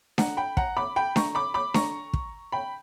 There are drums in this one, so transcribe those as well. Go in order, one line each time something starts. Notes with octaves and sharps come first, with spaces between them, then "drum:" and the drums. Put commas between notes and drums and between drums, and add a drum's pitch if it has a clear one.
F#5 A#5, drum: snare D4
G5 B5
F#5 A#5, drum: kick
B5 D6
G5 B5
A#5 C#6, drum: snare D4
B5 D6
B5 D6
A#5 C#6, drum: snare D4
drum: kick
G5 B5